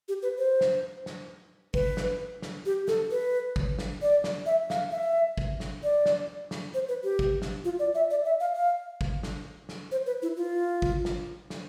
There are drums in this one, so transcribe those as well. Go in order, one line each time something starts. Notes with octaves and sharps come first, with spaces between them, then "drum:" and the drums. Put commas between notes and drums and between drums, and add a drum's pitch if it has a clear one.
G4
B4
C5
drum: snare
drum: snare
B4, drum: kick G1
drum: snare
drum: snare
G4
A4, drum: snare
B4
drum: kick G1
drum: snare
D5
drum: snare
E5
F5, drum: snare
E5
drum: kick G1
drum: snare
D5
drum: snare
drum: snare
C5
B4
G4
drum: kick G1
drum: snare
F4
D5
E5
D5
E5
F5
F5
drum: kick G1
drum: snare
drum: snare
C5
B4
E4
F4
drum: kick G1
drum: snare
drum: snare